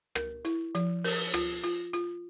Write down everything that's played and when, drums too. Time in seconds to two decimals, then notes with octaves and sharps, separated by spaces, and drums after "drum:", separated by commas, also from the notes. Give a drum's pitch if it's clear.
0.15 A#4, drum: rim click
0.45 E4, drum: hi-hat
0.75 F3, drum: hi-hat
1.04 A#4, drum: open hi-hat
1.34 F4, drum: rim click
1.63 F4, drum: hi-hat
1.93 F4, drum: hi-hat